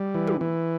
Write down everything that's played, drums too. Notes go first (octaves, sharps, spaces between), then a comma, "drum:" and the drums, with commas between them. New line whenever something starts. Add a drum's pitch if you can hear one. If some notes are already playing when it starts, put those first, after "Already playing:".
Already playing: G3
E3
drum: tom
E3